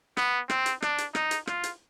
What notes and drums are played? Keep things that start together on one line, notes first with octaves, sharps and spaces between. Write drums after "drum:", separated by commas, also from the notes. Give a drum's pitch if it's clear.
B3, drum: rim click
C4, drum: rim click
drum: hi-hat
D4, drum: rim click
drum: hi-hat
D#4, drum: rim click
drum: hi-hat
F4, drum: rim click
drum: hi-hat